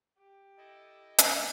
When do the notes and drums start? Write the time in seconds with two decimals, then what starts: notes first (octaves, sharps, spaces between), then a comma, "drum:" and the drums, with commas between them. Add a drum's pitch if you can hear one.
0.18 G4
0.57 E4 A4 D#5
1.18 drum: hi-hat